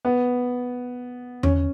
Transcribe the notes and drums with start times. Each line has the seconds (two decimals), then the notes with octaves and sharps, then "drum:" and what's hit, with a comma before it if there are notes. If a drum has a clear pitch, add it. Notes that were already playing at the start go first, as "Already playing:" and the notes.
0.05 B3
1.43 C#4, drum: tom E2